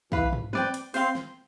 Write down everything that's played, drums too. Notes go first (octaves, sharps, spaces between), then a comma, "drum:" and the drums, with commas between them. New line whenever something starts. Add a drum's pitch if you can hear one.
E3 B4 F5 B5, drum: kick
drum: tom
C4 B4 D5 G5, drum: tom
drum: hi-hat
C4 C5 F5 C6, drum: open hi-hat
drum: snare